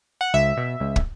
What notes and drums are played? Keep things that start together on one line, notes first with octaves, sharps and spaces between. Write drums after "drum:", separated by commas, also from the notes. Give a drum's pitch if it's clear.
F#5
C#2 E5
B2
C#2
drum: kick